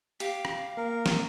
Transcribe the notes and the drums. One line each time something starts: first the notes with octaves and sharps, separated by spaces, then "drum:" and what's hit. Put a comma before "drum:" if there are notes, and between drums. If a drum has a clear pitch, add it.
G4 F5, drum: hi-hat
drum: rim click
A#3 A#4
drum: snare